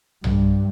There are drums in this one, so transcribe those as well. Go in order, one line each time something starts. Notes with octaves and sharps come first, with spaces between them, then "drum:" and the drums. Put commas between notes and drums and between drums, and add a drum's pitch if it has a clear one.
G2, drum: tom B1